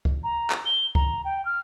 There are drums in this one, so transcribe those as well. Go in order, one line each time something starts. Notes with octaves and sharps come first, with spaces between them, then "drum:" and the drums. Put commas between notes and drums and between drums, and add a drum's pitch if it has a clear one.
drum: kick C2
A#5
drum: clap
G7
A#5, drum: kick C2
G5
F6